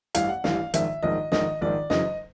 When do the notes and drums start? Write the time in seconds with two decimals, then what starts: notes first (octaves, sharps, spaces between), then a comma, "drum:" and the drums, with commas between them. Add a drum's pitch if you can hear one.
0.15 A1 G2 E3 F5, drum: hi-hat
0.29 F#5
0.44 A1 G2 E3 F5, drum: snare
0.74 A#1 G#2 D#3 E5, drum: hi-hat
1.03 A#1 G#2 D#3 D#5
1.32 A#1 G#2 D#3 D#5, drum: snare
1.61 A#1 G#2 D#3 D5
1.90 F#1 F#2 C#3 E3 D#5, drum: snare